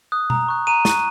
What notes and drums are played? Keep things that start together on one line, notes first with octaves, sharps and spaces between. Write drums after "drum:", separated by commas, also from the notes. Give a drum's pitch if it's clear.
D#6 F#6
A#5, drum: tom B2
C#6 F#6
A#5 D#7
C#6 F#6, drum: snare